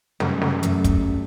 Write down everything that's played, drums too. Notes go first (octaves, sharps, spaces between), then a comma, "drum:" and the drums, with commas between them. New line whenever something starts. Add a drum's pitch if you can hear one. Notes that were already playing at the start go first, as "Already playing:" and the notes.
F#2 G3 A3, drum: snare
drum: snare
F#2 G3 A3, drum: hi-hat
drum: kick, hi-hat